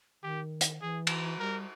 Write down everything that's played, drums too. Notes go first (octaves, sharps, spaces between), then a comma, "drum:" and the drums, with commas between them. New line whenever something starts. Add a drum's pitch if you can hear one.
D#3 G4
drum: hi-hat
E3 G#4
drum: cymbal
G3 A#4